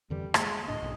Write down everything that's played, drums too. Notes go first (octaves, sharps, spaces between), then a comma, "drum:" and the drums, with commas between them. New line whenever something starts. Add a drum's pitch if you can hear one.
F2 D3 E3 G3
G#3 A#3, drum: rim click
D2 A2 D4 D#5
B1 G#2